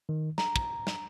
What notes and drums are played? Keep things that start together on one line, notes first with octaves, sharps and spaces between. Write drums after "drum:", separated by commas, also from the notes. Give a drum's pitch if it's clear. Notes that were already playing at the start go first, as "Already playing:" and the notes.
D#3
A#5, drum: snare
drum: kick
drum: snare